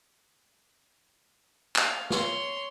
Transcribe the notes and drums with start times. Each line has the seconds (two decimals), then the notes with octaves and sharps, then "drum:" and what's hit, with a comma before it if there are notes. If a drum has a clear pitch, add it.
1.76 F5, drum: clap
2.10 C#5 C6, drum: snare